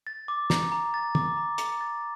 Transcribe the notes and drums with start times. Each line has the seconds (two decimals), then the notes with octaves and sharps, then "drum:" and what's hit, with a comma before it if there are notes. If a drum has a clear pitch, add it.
0.07 A6
0.28 D6
0.50 A#5, drum: snare
0.72 A#5
0.94 A6
1.15 D6, drum: tom
1.37 A#5
1.58 A#5, drum: hi-hat
1.81 A6